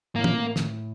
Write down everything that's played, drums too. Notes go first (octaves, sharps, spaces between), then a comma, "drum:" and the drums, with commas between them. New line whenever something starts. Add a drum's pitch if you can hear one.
A2 A#3
A#2, drum: tom
A2
drum: snare